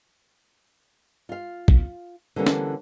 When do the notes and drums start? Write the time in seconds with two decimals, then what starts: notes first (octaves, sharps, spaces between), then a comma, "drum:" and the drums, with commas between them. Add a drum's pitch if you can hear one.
1.29 F4 F5
1.68 drum: kick
2.36 D3 E3 G3 A#3 C#4 A4
2.46 drum: snare